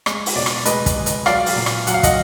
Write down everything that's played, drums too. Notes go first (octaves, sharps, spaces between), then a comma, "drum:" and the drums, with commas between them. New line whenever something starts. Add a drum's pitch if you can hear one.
G#3, drum: rim click
drum: open hi-hat
B2 D5
drum: rim click
G#3 B4 D#5, drum: hi-hat
drum: kick, hi-hat
G#3
drum: hi-hat
F#3 D5 F5, drum: rim click
drum: open hi-hat
A#2
drum: rim click
F#3 F#5, drum: hi-hat
F5
D#5 F#5, drum: kick, hi-hat